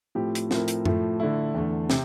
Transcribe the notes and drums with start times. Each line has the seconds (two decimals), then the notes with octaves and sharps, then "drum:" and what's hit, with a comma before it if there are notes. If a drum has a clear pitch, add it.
0.15 A2 F3 C4 G4
0.35 drum: hi-hat
0.51 A2 F3 C4 E4 A#4, drum: snare
0.68 drum: hi-hat
0.85 A2 F3 A3, drum: tom F#2
1.20 D3 A3 E4
1.55 E2 D3 A3
1.90 C3, drum: snare